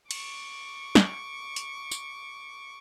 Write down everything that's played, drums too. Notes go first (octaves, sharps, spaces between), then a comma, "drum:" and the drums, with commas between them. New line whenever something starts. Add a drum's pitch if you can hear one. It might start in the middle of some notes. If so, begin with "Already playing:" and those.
C#6 D6, drum: cymbal
drum: snare
drum: hi-hat
drum: tambourine